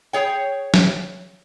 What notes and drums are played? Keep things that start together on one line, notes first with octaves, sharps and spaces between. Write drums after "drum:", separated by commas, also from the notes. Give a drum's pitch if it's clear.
G#4 C#5 G5
drum: snare